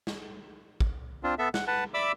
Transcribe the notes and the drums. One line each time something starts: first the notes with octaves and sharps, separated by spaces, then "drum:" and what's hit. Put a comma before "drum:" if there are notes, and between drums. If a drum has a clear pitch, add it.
drum: snare
drum: kick
C4 D4 F4
B3 A4 E5
F#5, drum: snare
B4 F#5 A5
D5 E5 B5 D6 E6